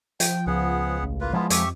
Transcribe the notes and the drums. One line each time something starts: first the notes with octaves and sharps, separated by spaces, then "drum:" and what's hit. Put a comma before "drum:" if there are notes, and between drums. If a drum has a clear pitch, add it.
F3 G5, drum: hi-hat
C#2 B3 G#4 F#5
A1
A#3 F4 B4
F3 F#3 G#3 B3 E4 F4
F2 G4 E5 C#6, drum: hi-hat